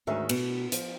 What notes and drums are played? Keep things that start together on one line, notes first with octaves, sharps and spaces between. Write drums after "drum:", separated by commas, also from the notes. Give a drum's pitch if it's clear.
D2 G#2 D#3 C#4 E5
B2, drum: cymbal
F3, drum: hi-hat